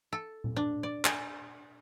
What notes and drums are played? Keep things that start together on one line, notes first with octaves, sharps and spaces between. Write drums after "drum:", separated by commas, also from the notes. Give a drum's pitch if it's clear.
A4
drum: tom A#2
D4
D5
G#5, drum: clap